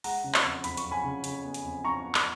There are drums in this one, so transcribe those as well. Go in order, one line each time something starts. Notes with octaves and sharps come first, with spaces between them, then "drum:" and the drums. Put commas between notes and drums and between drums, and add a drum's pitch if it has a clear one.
G#3 F#5 A#5, drum: open hi-hat
C#3
drum: clap
F2
F2 B5, drum: hi-hat
C#6, drum: hi-hat
F2
G#5 B5
C#3
C#3, drum: hi-hat
B3
drum: hi-hat
F2
F2 A#5 C#6
B3
drum: clap